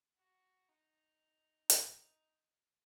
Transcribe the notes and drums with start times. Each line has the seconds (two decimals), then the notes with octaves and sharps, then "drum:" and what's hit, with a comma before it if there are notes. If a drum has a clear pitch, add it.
0.19 F#4
0.69 D#4
1.70 D#4, drum: hi-hat